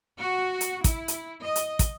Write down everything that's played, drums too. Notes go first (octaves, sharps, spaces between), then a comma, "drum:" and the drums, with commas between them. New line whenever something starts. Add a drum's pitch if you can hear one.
F#4
drum: hi-hat
E4, drum: kick, hi-hat
drum: hi-hat
D#5
drum: hi-hat
drum: kick, hi-hat